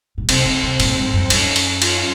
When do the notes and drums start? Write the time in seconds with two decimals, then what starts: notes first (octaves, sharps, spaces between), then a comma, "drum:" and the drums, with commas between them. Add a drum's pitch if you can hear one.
0.18 A#2
0.29 C3 C4, drum: cymbal
0.45 C#3
0.63 C3
0.80 A#2, drum: cymbal
0.97 G#2
1.13 F#2
1.30 F#2 C#4, drum: cymbal
1.56 drum: cymbal
1.82 F4, drum: cymbal